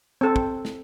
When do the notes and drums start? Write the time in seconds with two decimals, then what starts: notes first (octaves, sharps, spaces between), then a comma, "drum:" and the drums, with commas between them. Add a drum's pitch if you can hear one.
0.21 C4 A4
0.36 drum: kick
0.65 drum: snare